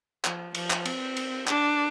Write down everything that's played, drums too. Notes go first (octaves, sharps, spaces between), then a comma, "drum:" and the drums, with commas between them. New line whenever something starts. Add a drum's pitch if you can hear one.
F3, drum: clap
F3, drum: cymbal
drum: clap
C4, drum: cymbal
drum: cymbal
D4, drum: clap